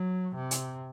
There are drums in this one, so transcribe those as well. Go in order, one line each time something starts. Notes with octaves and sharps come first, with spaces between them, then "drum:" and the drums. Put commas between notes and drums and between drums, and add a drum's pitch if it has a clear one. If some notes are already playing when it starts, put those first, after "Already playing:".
Already playing: F#3
C3
drum: hi-hat